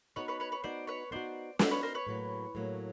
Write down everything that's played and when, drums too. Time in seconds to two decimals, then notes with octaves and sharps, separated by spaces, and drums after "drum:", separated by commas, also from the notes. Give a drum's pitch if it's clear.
0.16 B3 D#4 F#4 B4 C#5
0.28 B4 C#5
0.40 B4 C#5
0.52 B4 C#5
0.64 B3 D#4 F#4 C5 D5
0.87 B4 C#5
1.11 B3 D#4 F#4 C5 D5
1.59 B3 D#4 F#4 C5 D5, drum: snare
1.71 B4 C#5
1.83 A#4 C5
1.95 B4 C#5
2.07 A2 F#3 A#3
2.55 A2 F#3 A#3